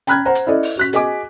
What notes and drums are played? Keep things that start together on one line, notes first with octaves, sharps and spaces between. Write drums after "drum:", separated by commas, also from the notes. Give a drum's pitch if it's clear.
G5 A#5 B5 F6 F#6 G#6, drum: hi-hat
C5 F#5 A#5
drum: hi-hat
E4 A4 D5 D#5
drum: open hi-hat
F#4 F#6 B6
F#4 G#4 D#5 G#5 D6, drum: hi-hat